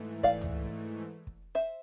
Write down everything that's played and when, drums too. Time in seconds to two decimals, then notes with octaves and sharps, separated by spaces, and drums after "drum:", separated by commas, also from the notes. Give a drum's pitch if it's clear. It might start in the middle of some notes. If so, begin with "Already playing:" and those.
Already playing: G#2 E3 A3
0.23 D5 F5, drum: kick
0.41 drum: tom
1.27 drum: kick
1.55 C5 E5